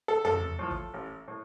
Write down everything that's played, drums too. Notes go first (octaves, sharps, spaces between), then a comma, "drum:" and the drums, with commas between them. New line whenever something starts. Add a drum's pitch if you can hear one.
A4
A1 A4, drum: tom
A2 F3
drum: kick F#1
A1
A2